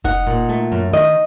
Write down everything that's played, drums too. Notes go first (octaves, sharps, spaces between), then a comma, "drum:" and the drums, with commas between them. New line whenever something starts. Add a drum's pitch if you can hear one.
D#4 F#5, drum: kick F1
A#2
A3
F#2
D#3 D#5